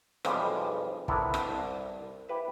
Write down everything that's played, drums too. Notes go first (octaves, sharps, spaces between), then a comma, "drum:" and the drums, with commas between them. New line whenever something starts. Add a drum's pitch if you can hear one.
B1 F2 E3 F3 G3 G#3, drum: rim click
B3 C4 D4 E4 A4 A#4, drum: kick
drum: rim click
C2 A5
E4 G4 B4 E5